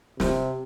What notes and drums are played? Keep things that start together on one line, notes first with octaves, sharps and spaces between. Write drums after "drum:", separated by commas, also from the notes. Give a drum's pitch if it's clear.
C3, drum: snare